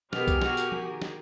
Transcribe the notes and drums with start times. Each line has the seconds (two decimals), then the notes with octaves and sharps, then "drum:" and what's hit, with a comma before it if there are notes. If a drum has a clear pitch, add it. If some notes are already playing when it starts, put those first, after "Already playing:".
0.13 B2 B3 G4 G#4 A#4 F6, drum: snare
0.28 drum: kick, tambourine
0.42 F#4, drum: snare
0.57 drum: tambourine
0.72 drum: tom F3
0.83 D#3
1.02 drum: snare